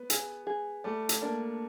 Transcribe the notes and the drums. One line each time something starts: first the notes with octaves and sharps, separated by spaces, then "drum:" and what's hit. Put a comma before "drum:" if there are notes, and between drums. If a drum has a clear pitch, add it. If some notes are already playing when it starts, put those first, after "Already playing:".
Already playing: B3
G#4, drum: hi-hat
G#4
G3 A3
drum: hi-hat
A#3 D4